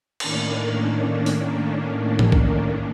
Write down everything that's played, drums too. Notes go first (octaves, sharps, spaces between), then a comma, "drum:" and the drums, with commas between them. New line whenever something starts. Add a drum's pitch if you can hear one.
A2 D#3 A#3 C#4 D4, drum: cymbal
drum: open hi-hat
drum: tom A2
drum: kick